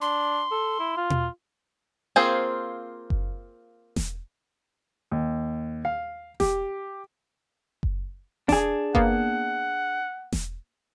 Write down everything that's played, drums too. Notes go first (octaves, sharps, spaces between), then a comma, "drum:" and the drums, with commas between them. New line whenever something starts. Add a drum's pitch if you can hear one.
D4 C6
A4
E4
F4
drum: tom B2
A#3 C4 F4 G#4 C5
drum: kick F#1
drum: snare E1
D#2
F5
G4, drum: snare E1
drum: kick F#1
D4 G#4, drum: snare E1
A#3 B3 F#5, drum: kick F#1
drum: snare E1